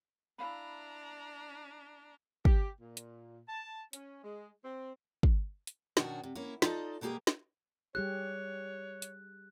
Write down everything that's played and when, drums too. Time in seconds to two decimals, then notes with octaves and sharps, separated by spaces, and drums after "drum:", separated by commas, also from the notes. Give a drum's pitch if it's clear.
0.38 D4 E4 F5 A#5 B5
2.45 G4, drum: kick
2.81 A#2
2.97 drum: hi-hat
3.47 A5
3.93 C#4, drum: hi-hat
4.24 G#3
4.63 C4
5.23 drum: kick
5.67 drum: hi-hat
5.97 B2 D#3 C#4 D4 F#4, drum: snare
6.24 C3
6.35 A#3 C#4 E4
6.62 D#4 F4 A4 D5 D#5 A5, drum: snare
7.01 B2 G3 A#3 G4 G#4 A#4
7.27 drum: snare
7.95 G3 G4 G#4 C#5 F#6
9.02 drum: hi-hat